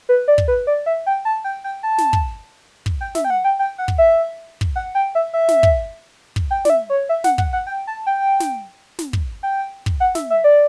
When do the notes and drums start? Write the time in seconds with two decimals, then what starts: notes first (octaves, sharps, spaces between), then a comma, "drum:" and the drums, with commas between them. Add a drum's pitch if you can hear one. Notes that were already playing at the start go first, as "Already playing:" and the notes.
0.09 B4
0.28 D5
0.38 drum: kick
0.48 B4
0.67 D5
0.86 E5
1.06 G5
1.25 A5
1.44 G5
1.64 G5
1.83 A5
1.98 drum: snare
2.13 drum: kick
2.86 drum: kick
3.01 G5
3.15 E5, drum: snare
3.25 G5
3.30 F#5
3.44 G5
3.59 G5
3.78 F#5
3.88 drum: kick
3.98 E5
4.61 drum: kick
4.76 F#5
4.95 G5
5.15 E5
5.34 E5
5.48 drum: snare
5.63 drum: kick
6.36 drum: kick
6.51 G5
6.65 D5, drum: snare
6.70 E5
6.90 C#5
7.09 E5
7.24 F#5, drum: snare
7.38 F#5, drum: kick
7.53 F#5
7.67 G5
7.87 A5
8.07 G5
8.40 drum: snare
8.99 drum: snare
9.13 drum: kick
9.43 G5
9.86 drum: kick
10.00 F#5
10.15 E5, drum: snare
10.30 E5
10.44 D5